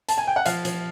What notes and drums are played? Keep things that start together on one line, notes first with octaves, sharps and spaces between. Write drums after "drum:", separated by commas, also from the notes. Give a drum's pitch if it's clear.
A5, drum: hi-hat
G#5
G5
F#5
F3 F5, drum: hi-hat
F3, drum: hi-hat